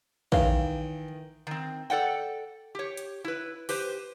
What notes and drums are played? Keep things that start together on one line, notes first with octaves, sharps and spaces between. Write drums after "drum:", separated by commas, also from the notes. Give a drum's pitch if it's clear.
D#3 E3 C#5 F5, drum: kick
D#3 C4
A4 D5 F#5 G5
G4 C#5
drum: hi-hat
E4 B4
G4 B4 C5, drum: open hi-hat